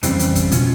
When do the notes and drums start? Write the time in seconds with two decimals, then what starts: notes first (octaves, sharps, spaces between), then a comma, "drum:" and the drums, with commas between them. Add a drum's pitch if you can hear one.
0.03 F2 C#3 E3 G3 C4, drum: hi-hat
0.19 drum: hi-hat
0.35 drum: kick, hi-hat
0.52 B2 G#3 C#4 F4, drum: hi-hat